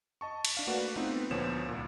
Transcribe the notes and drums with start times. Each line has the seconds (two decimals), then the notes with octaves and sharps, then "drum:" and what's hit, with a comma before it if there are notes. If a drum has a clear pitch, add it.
0.21 D#5 A5 C#6
0.45 drum: cymbal
0.55 D4 F5 E7
0.67 A3 A#3 F#4 B4 D5 F#5
0.96 A3 B3 C4 D#4 F4 B4
1.31 D2 A#2 F3 B3 C#5 E7
1.69 C2 A#2